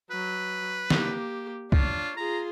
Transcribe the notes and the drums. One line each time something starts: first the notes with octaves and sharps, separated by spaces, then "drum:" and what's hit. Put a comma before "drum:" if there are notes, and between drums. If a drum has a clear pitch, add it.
F#3 B4
A#3 G4, drum: snare
D4 F4 C#5, drum: kick
F4 G#4 A#5